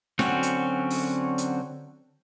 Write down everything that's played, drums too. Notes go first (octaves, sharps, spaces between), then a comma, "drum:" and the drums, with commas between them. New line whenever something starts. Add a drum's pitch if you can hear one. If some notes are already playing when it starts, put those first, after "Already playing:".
D3 F#3 C4 C#4 F#4, drum: snare
drum: hi-hat
drum: open hi-hat
drum: hi-hat